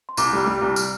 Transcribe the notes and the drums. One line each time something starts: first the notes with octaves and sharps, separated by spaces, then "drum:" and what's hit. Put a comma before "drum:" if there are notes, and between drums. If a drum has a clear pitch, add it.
C6
C2 D6, drum: tambourine
G3
G3
C2
F6, drum: tambourine